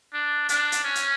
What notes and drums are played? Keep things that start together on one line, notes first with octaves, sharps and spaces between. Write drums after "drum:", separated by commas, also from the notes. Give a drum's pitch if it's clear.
D4
D4, drum: hi-hat
drum: hi-hat
C#4
drum: hi-hat